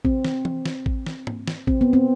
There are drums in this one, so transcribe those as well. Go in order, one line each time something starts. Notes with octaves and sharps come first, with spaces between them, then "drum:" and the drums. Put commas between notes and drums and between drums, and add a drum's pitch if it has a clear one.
C4, drum: kick A1
drum: snare
drum: tom E3
drum: snare
drum: kick A1
drum: snare
drum: tom
drum: snare
C4, drum: kick A1
B3
C4